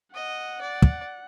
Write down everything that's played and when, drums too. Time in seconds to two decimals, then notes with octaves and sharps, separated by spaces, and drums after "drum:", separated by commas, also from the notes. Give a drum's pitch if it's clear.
0.14 D#5 F#5
0.61 D5
0.82 drum: kick